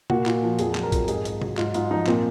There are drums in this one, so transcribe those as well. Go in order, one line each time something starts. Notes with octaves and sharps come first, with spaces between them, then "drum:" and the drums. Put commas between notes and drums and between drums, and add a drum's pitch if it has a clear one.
A#2 F#4, drum: tom C3
A#2, drum: clap
F3
F2 G#4, drum: hi-hat
F#3, drum: clap
A#4
F2, drum: kick A#1, hi-hat
G#2 G#4, drum: hi-hat
G#2, drum: hi-hat
F#3, drum: tom C3
G#2 F4, drum: clap
G#2 F4, drum: hi-hat
F3 D#4
A#2 C4, drum: clap